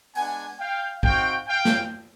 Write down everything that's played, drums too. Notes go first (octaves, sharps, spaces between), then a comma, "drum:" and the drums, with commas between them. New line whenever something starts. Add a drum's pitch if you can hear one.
G#3 B3 D4 F#5 G#5, drum: open hi-hat
F5 G5
C4 D#4 F#4 F5 G5, drum: kick
F5 G5
drum: snare